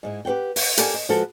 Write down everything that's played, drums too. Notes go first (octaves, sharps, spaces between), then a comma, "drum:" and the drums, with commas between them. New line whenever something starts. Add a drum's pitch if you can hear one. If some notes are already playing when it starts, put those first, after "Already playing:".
G#2 G#3 E4
G4 B4 C5 F#5 G5
F#5, drum: open hi-hat
G4 A4 A#4 D5 F#5 G#5, drum: hi-hat
D#5
F3 G#3 F#4 A4 B4